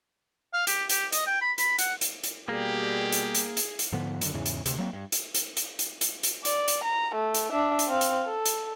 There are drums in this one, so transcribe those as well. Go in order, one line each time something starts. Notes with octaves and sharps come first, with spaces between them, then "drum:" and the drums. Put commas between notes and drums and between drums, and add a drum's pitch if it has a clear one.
F5
G4, drum: hi-hat
G4, drum: hi-hat
D#5, drum: hi-hat
G5
B5
B5, drum: hi-hat
F#5, drum: hi-hat
drum: hi-hat
drum: hi-hat
B2 G3 A#3 G4 G#4
drum: hi-hat
drum: hi-hat
drum: hi-hat
drum: hi-hat
G#2 D3 F3 B3
F#2 D3, drum: hi-hat
E2 G#2 C#3 E3
drum: hi-hat
D2 C3, drum: hi-hat
F#3 A#3 C4
G2
drum: hi-hat
drum: hi-hat
drum: hi-hat
drum: hi-hat
drum: hi-hat
drum: hi-hat
D5, drum: hi-hat
drum: hi-hat
A#5
A3
drum: hi-hat
D4 E5
drum: hi-hat
C4 F5
drum: hi-hat
A4
drum: hi-hat